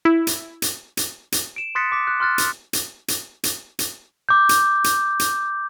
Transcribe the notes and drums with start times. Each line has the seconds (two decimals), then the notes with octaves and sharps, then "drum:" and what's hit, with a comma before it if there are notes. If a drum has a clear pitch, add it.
0.05 E4
0.27 drum: hi-hat
0.62 drum: hi-hat
0.97 drum: hi-hat
1.32 drum: hi-hat
1.56 D7 E7
1.75 C6 D#6 F#6 A6 B6 C#7
1.92 D6 B6
2.07 F#6
2.20 C6 F6 F#6 A6
2.38 drum: hi-hat
2.73 drum: hi-hat
3.08 drum: hi-hat
3.44 drum: hi-hat
3.79 drum: hi-hat
4.29 D6 G6
4.49 drum: hi-hat
4.84 drum: hi-hat
5.19 drum: hi-hat